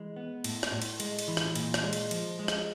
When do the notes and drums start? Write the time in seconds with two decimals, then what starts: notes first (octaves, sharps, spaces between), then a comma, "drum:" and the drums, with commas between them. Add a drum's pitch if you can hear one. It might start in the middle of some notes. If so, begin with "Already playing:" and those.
Already playing: E3 G#3
0.16 B3
0.44 A2, drum: cymbal
0.63 drum: rim click
0.72 A2
0.82 drum: cymbal
1.00 G#3, drum: cymbal
1.19 drum: cymbal
1.28 E3
1.37 drum: rim click
1.55 A#2, drum: cymbal
1.74 drum: rim click
1.84 G#3
1.93 drum: cymbal
2.11 F3, drum: cymbal
2.39 G#3
2.48 drum: rim click